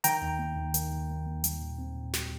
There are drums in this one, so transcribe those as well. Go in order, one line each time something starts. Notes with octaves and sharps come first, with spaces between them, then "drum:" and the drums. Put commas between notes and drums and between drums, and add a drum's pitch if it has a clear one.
D#3 G5 A#5, drum: hi-hat
D#2
A#3
D#2
D#3, drum: hi-hat
D#2
A#3
D#2
G3, drum: hi-hat
A#2
C4
A#2
G3, drum: snare